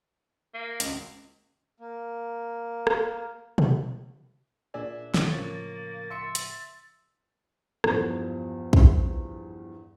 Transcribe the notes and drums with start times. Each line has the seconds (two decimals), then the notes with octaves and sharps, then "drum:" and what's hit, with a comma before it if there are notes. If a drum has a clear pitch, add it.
0.54 A#3
0.80 G#1 C#2, drum: hi-hat
1.79 A#3
2.87 drum: rim click
3.58 drum: tom B2
4.74 A#2 D4 G#4 E5 G#5
5.14 G4 C#5 D#6 D7, drum: snare
5.31 A2 C#3 F3 A#3 A6
6.10 E5 C6 C#7
6.35 drum: hi-hat
7.84 E2 G2 F3, drum: rim click
8.73 drum: kick